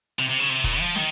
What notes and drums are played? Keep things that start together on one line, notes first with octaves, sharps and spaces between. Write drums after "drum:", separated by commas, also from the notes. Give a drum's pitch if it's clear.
C3
C3
C#3
C3
A#2, drum: kick, hi-hat
F3
D#3, drum: snare